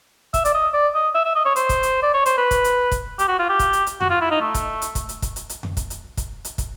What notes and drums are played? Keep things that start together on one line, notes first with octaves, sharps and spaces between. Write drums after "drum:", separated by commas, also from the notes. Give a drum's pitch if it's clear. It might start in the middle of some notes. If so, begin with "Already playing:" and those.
E5, drum: kick, hi-hat
D5, drum: hi-hat
D#5
D5
D#5
E5
E5
D#5
C#5
C5, drum: hi-hat
drum: kick, hi-hat
drum: hi-hat
D5
C#5
C5, drum: hi-hat
B4
drum: kick, hi-hat
drum: hi-hat
drum: kick, hi-hat
G4, drum: hi-hat
F#4
F4
G4
drum: kick, hi-hat
drum: hi-hat
drum: hi-hat
F#4, drum: tom F2
F4
E4
D#4
A3
drum: kick, hi-hat
drum: hi-hat
drum: kick, hi-hat
drum: hi-hat
drum: kick, hi-hat
drum: hi-hat
drum: hi-hat
drum: tom F2
drum: kick, hi-hat
drum: hi-hat
drum: kick, hi-hat
drum: hi-hat
drum: kick, hi-hat